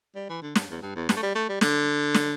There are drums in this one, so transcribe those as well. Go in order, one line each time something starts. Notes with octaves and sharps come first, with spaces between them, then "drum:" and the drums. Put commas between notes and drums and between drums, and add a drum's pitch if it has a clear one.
G3
E3
D3
G2, drum: snare
E2
G2
E2
G2, drum: snare
A3
G3
A3
G3
D3, drum: snare
drum: snare